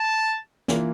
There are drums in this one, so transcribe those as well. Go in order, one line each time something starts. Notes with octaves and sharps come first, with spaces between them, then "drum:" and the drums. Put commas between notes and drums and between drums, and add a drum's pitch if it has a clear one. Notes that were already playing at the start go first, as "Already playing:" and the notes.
Already playing: A5
E3 A#3 F4, drum: snare